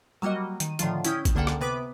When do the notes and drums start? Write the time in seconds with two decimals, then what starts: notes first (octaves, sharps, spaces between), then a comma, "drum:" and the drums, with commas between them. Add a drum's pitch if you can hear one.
0.22 F#3 G3 A#3 F#4 D#5
0.60 D#3 D#7, drum: hi-hat
0.79 A2 D3 D#3 F3 F4, drum: hi-hat
1.05 C#4 E4 G5 D#6 G6, drum: hi-hat
1.25 drum: kick G#1, hi-hat
1.35 C#2 D3 A#3 A4 F#5 G5
1.47 drum: rim click
1.61 C3 B3 B4 D6 B6